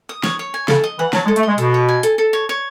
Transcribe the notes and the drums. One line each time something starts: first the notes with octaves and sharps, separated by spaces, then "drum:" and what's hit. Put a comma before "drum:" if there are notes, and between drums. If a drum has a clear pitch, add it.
D#6
C#5, drum: snare
C#5
G#5
C#3 A4, drum: snare
D#5
E3 F#5
F#3 A5, drum: snare
G#3
A4
A3, drum: hi-hat
G#3 D#5
B2 A4, drum: hi-hat
C#5
G#5
A4, drum: hi-hat
A4
C#5
C#5